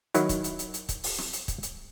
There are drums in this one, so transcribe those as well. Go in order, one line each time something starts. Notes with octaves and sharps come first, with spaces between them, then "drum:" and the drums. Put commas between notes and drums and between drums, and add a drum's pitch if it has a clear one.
D#3 F#3 E4, drum: hi-hat
drum: kick, hi-hat
drum: hi-hat
drum: hi-hat
drum: hi-hat
drum: kick, hi-hat
drum: open hi-hat
drum: snare
drum: hi-hat
drum: kick, hi-hat
drum: hi-hat